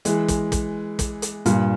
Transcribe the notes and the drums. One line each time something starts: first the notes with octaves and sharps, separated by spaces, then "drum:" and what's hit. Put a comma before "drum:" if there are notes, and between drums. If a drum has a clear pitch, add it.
E3 G#3, drum: hi-hat
drum: kick, hi-hat
drum: kick, hi-hat
drum: kick, hi-hat
drum: hi-hat
G2 A#2, drum: hi-hat